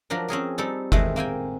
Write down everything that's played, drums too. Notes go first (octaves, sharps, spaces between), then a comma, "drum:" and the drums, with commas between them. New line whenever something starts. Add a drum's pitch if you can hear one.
F3 F#3 D4 A#4
C4 C#4 G#4 A#4
G3 C4 D#4 A4
D#3 E3 G#3 A3 C4, drum: kick F#1
A#3 C4 G5 G#5